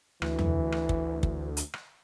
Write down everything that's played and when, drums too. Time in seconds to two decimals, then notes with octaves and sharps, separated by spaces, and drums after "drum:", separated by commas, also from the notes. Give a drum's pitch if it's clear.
0.22 D2 E3, drum: rim click
0.39 drum: tom E2
0.72 drum: rim click
0.89 drum: kick
1.23 drum: kick
1.57 drum: hi-hat
1.74 drum: rim click